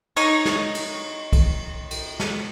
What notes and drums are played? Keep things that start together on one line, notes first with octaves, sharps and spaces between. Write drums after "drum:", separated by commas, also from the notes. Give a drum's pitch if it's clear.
D#4 C#5, drum: cymbal
drum: snare
drum: cymbal
drum: kick, cymbal
drum: cymbal
drum: snare